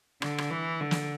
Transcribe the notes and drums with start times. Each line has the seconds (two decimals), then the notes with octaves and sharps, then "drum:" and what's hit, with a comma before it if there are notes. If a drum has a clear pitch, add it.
0.22 D3, drum: rim click
0.38 drum: rim click
0.50 E3
0.80 D3
0.91 drum: snare